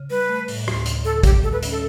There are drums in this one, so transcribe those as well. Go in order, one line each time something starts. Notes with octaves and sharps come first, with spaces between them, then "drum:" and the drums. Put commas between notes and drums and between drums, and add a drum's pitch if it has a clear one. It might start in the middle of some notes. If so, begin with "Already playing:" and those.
Already playing: C#3
G3 B4
A3
A2, drum: open hi-hat
D2, drum: rim click
C#3, drum: hi-hat
D3 A4
A3 G4, drum: kick A1, hi-hat
G3 A4
B4
C#4, drum: hi-hat
A4